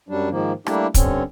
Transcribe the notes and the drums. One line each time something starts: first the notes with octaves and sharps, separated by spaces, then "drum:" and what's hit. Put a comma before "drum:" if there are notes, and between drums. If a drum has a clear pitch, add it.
F#2 F#3 G3 D4
G#2 D#3 F3 A#3
G3 A3 A#3 D4 E4 G4, drum: rim click
G2 D3 C4 C#4, drum: kick, hi-hat